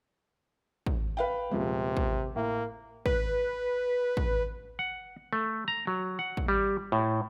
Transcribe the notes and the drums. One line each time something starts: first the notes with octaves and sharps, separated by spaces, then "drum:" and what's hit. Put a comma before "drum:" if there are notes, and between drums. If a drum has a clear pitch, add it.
drum: kick
B4 F5 G5
D#1 C3 F3 G#3
drum: kick
A2 A#3
B4, drum: kick
drum: kick
F#5
A3
A#5
F#3
F#5
drum: kick
G3
A2